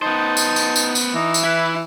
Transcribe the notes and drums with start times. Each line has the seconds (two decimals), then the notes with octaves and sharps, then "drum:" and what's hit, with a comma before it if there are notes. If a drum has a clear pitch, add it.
0.02 B3 D#4 C5 A5
0.37 drum: tambourine
0.56 drum: tambourine
0.76 drum: tambourine
0.95 drum: tambourine
1.15 E3 D#4
1.34 drum: tambourine
1.44 E4 B4